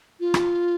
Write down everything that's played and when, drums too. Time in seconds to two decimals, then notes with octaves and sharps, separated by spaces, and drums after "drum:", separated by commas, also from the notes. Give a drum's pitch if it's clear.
0.20 F4
0.34 drum: rim click